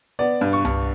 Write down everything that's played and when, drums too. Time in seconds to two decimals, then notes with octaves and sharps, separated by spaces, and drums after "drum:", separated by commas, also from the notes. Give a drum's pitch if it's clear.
0.19 B3 D5
0.41 G2
0.53 C#6
0.65 G2, drum: tom C2